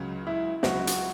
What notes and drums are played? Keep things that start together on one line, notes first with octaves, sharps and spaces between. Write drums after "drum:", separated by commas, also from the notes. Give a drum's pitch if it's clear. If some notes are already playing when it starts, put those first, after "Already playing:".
Already playing: C#2 C#3 F#3
E4
C#2 C#3 F#3 F#4, drum: snare
drum: hi-hat